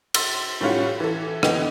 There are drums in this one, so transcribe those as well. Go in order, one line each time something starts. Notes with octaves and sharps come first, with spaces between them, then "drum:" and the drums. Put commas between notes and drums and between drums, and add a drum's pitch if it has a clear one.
C6 E6 A6, drum: cymbal
A2 D#3 G3 C#4 F4 F#4
E3 A4
D3 E3 B3 D#5 G5 F7, drum: rim click